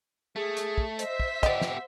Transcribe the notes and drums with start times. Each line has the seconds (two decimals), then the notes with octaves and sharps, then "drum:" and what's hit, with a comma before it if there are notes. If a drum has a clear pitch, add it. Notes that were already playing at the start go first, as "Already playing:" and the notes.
0.36 A3 G#4
0.57 drum: hi-hat
0.78 drum: kick
0.99 C5 D#5 E5 B6, drum: hi-hat
1.20 drum: kick
1.43 B3 G4 D5 D#5 F#5, drum: kick, hi-hat
1.61 drum: snare